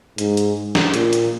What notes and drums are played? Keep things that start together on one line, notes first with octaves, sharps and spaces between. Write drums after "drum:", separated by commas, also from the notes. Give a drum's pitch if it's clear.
G#2, drum: hi-hat
drum: hi-hat
drum: snare
A#2, drum: hi-hat
drum: hi-hat